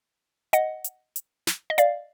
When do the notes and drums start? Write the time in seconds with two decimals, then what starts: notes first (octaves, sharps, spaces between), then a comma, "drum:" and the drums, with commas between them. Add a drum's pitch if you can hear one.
0.53 D#5 F#5, drum: hi-hat
0.84 drum: hi-hat
1.16 drum: hi-hat
1.47 drum: snare
1.70 D#5
1.78 D5 F5, drum: hi-hat